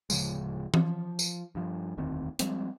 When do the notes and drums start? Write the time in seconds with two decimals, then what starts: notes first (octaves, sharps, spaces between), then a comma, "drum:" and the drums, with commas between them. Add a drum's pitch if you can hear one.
0.10 D1 C#3 F3 G#3, drum: tambourine
0.74 F3, drum: tom E3
1.19 drum: tambourine
1.55 G2 F3
1.98 E1 D2 D#3 C4
2.39 F3 G3 G#3 C4, drum: hi-hat